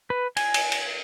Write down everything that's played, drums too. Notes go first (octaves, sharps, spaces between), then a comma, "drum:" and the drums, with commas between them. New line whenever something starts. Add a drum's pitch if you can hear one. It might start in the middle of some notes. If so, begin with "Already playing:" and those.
B4
G#5, drum: cymbal
drum: cymbal
drum: cymbal